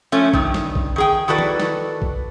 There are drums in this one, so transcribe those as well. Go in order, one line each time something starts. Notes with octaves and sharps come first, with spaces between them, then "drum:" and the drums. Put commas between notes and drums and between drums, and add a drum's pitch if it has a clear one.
F3 A3 C#4
G2 D#3, drum: kick
drum: snare
drum: kick
D#3 G#4 G5
D#3 E4 F#4 A4 B4 D5
drum: tom D#3
drum: snare
drum: kick